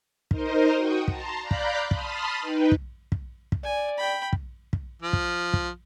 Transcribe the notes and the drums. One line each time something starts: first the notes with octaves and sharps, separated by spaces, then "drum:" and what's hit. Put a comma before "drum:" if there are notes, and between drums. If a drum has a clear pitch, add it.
D#4 A#4 C5 D#5, drum: kick
F#4 G5 C#6 D#6
A5 A#5 C6, drum: kick
D5 F5 A#5 B5 F#6 G6
drum: kick
A5 B5 C6 D#6 F6, drum: kick
D#4 B4 G5
drum: kick
drum: kick
drum: kick
D5 G#5
G5 B5
drum: kick
drum: kick
F3
drum: kick
drum: kick